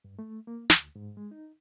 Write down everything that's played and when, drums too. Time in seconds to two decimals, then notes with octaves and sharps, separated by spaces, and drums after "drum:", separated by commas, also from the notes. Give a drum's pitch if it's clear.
0.04 G2
0.19 A3
0.47 A#3
0.70 D2, drum: snare
0.95 G#2
1.17 G#3
1.31 D#4